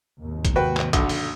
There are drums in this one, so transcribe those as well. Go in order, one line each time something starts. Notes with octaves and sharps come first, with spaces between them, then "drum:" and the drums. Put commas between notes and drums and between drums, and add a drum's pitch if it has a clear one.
G#1 D#2 C3
drum: kick, hi-hat
F#4 B4 G5
drum: clap
B1 D3, drum: kick, hi-hat
drum: open hi-hat